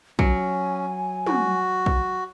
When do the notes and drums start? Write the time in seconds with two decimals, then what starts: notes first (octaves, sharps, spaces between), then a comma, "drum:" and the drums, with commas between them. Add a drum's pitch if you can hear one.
0.19 F#3 C#4 G#5, drum: kick
1.26 F#4, drum: tom
1.86 drum: kick